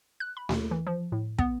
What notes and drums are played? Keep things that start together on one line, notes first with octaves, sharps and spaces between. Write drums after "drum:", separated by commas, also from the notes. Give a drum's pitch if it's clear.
F#6
B5
D#2, drum: snare A3
E3
F3
A2
B3, drum: kick